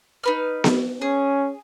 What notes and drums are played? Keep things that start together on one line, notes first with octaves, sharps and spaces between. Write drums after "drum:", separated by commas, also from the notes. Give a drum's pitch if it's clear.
D#4 B4 F6
drum: snare B3
C#4 G#4